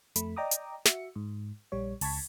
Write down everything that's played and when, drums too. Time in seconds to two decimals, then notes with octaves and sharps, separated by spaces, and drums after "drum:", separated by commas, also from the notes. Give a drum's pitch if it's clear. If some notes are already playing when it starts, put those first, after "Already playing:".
0.16 F2 A3 B5, drum: hi-hat
0.36 D5 D#5 G5 A#5 D6 D#6
0.51 drum: hi-hat
0.85 F#4 E5 C#7, drum: snare
1.16 G#2
1.72 A#1 G3 C#5
2.01 C#2 A5 C#6 G#6 B6, drum: open hi-hat